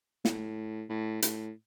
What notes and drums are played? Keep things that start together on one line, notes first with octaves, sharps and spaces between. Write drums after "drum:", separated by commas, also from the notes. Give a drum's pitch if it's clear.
A2, drum: snare
A2
A2, drum: hi-hat